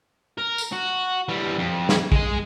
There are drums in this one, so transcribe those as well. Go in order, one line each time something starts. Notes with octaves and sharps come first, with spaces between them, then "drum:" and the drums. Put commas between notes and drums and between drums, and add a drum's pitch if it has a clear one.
A#4
drum: tambourine
F#4
E3 G3
F2
drum: snare
G#3 G#5, drum: kick